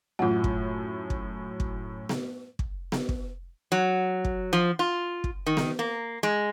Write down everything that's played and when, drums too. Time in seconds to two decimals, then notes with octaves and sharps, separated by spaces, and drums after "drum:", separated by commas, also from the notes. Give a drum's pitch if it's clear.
0.19 F#2 A2 F4 F#5
0.44 drum: kick
1.10 drum: kick
1.60 drum: kick
2.09 drum: snare B3
2.59 drum: kick
2.92 drum: snare B3
3.09 drum: kick
3.72 F#3
4.25 drum: kick
4.53 F3
4.79 F4
5.24 drum: kick
5.46 D#3
5.57 drum: snare B3
5.79 A#3
6.23 G#3